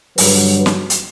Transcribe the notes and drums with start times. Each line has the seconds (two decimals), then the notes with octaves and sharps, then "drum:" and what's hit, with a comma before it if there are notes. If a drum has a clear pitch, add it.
0.18 G2 D3 F#3 B4, drum: open hi-hat
0.54 B4
0.66 drum: snare
0.90 drum: hi-hat